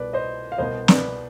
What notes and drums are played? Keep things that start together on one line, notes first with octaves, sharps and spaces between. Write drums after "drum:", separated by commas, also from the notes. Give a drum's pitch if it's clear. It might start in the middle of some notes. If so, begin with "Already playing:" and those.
Already playing: C2 B2 B3 B4 D5
C5 D#5
F5
C2 B2 B3 C5 D#5
B4 D5, drum: snare